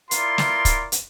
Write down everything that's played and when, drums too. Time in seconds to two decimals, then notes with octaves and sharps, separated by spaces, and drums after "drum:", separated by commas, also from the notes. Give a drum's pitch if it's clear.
0.11 E4 F4 A#4 D5 C6, drum: hi-hat
0.38 drum: snare
0.65 drum: kick, hi-hat
0.92 drum: hi-hat